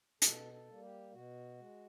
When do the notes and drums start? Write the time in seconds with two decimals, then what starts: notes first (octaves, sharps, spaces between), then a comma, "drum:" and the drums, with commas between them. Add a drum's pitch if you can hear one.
0.22 B2 A4, drum: hi-hat
0.52 A4
0.68 G3 A#3
0.83 G4
1.13 B2 F#4
1.59 G#3